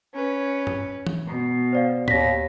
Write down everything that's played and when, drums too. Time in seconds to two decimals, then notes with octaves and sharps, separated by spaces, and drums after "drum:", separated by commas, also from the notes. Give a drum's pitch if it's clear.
0.14 C#4 B4
0.67 drum: tom
1.07 drum: tom
1.28 B2
1.73 C5 D5 F5
2.08 D#2 A#6 B6, drum: tom